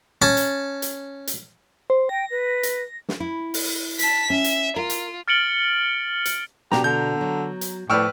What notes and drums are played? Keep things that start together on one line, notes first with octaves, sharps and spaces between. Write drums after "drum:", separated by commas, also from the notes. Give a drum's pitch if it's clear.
C#4 A5
drum: hi-hat
drum: hi-hat
drum: hi-hat
C5
G5 A#6
B4
drum: hi-hat
drum: snare
E4
drum: open hi-hat
A5 B6, drum: hi-hat
C#4 E5
drum: hi-hat
F4 A#4
drum: hi-hat
F6 A6 C#7 D7 F#7 G7
drum: hi-hat
B2 D4 G4 A#5, drum: snare
D3 G6
F#3
drum: hi-hat
A2 F3 B4 D5 G5 C#6 E6 F6